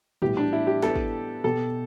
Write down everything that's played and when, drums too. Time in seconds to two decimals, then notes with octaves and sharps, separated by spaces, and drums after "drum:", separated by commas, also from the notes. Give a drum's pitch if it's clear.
0.22 A2 E3 G3 B3 E4 G4, drum: tom A#2
0.37 D4
0.53 E4
0.67 G4
0.82 B3 E4 A4 B4, drum: snare
0.96 drum: kick
1.44 B2 B3 G4 A4